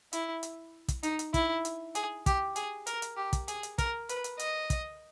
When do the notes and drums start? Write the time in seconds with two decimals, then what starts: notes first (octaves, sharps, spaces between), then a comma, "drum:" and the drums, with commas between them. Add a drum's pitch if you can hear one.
0.13 E4, drum: hi-hat
0.43 drum: hi-hat
0.88 drum: kick, hi-hat
1.03 D#4, drum: hi-hat
1.19 drum: hi-hat
1.34 E4, drum: kick, hi-hat
1.65 drum: hi-hat
1.95 G#4, drum: hi-hat
2.26 G4, drum: kick, hi-hat
2.56 G#4, drum: hi-hat
2.87 A#4, drum: hi-hat
3.02 drum: hi-hat
3.17 G4
3.33 drum: kick, hi-hat
3.48 G#4, drum: hi-hat
3.63 drum: hi-hat
3.78 A#4, drum: kick, hi-hat
4.09 B4, drum: hi-hat
4.24 drum: hi-hat
4.39 D#5, drum: hi-hat
4.70 drum: kick, hi-hat